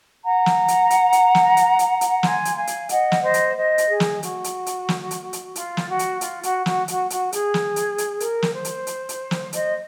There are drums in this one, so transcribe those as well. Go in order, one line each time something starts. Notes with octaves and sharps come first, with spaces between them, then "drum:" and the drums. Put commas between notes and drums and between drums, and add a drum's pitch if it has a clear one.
F#5 A#5
drum: snare
drum: hi-hat
drum: hi-hat
drum: hi-hat
drum: snare
drum: hi-hat
drum: hi-hat
drum: hi-hat
G#5 C6, drum: snare
drum: hi-hat
F5 G#5
drum: hi-hat
D#5 F#5, drum: hi-hat
drum: snare
C5 D#5
drum: hi-hat
C5 D#5
drum: hi-hat
G#4
drum: snare
F#4, drum: hi-hat
drum: hi-hat
drum: hi-hat
drum: snare
drum: hi-hat
drum: hi-hat
F4, drum: hi-hat
drum: snare
F#4
drum: hi-hat
F4, drum: hi-hat
F#4, drum: hi-hat
F#4, drum: snare
F#4, drum: hi-hat
F#4, drum: hi-hat
G#4, drum: hi-hat
drum: snare
drum: hi-hat
drum: hi-hat
A#4, drum: hi-hat
drum: snare
C5
drum: hi-hat
drum: hi-hat
drum: hi-hat
drum: snare
C5 D#5, drum: hi-hat